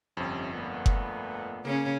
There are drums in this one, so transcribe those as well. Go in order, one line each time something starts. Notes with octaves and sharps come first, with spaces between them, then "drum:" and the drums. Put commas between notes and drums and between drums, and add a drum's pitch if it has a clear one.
G1 F2 C3 C#4
A#2 A3 B3
drum: kick F#1
C#3 A#3 C#4